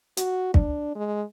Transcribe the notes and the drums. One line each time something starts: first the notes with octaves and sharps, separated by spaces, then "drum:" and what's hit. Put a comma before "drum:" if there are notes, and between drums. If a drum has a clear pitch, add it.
F#4, drum: hi-hat
D4, drum: kick
G#3